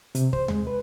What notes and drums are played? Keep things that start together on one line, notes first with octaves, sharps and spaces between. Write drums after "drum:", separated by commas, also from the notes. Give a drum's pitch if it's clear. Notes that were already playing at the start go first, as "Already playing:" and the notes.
C3, drum: hi-hat
C5, drum: kick
G#3, drum: tom D#2
B4